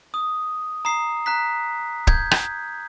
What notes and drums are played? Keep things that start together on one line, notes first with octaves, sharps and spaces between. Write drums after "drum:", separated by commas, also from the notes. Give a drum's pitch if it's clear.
D#6
A#5 D#6 C7
A#5 F#6 B6
G6 G#6, drum: kick
drum: rim click